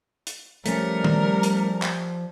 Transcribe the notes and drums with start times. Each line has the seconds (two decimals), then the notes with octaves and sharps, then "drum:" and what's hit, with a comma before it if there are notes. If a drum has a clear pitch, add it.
0.27 drum: hi-hat
0.66 F3 G3 A3 C#4 A#4, drum: hi-hat
1.04 drum: tom D#3
1.43 drum: hi-hat
1.82 drum: clap